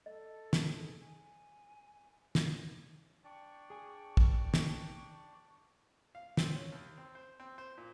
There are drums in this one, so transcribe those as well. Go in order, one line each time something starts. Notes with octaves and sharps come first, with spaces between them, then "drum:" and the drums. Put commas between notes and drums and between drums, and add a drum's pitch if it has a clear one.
A4 D#5
drum: snare
G#4 A4
G#5
drum: snare
D4 D5 G5 C#6
G#4 G#5
drum: kick
drum: snare
F5
C4, drum: snare
C#4
D#2
C4
C5
C4
C5
A#2